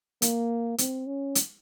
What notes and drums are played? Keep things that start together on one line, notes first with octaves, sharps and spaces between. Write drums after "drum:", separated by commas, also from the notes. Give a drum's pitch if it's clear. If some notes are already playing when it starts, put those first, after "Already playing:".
A#3, drum: hi-hat
C4, drum: hi-hat
C#4
drum: hi-hat